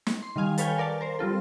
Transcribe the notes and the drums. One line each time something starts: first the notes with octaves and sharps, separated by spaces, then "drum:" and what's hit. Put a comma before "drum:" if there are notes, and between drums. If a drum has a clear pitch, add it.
drum: snare
C6
D#3 G3 D#5 F5 G#5
A4 B4 C#5 F5 G5 G#5, drum: hi-hat
A#4 D5 F5 A5
A#4 C5
G3 C4 F4 A4